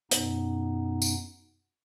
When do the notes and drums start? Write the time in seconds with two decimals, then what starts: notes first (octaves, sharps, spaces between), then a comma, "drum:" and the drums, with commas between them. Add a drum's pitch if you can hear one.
0.11 F#2 B2 B3 D#4, drum: hi-hat
1.02 drum: tambourine